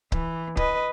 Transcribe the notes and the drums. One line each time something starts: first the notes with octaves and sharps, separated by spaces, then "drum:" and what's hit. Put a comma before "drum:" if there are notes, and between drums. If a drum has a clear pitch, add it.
E3, drum: kick C#1
B4 D#5, drum: kick C#1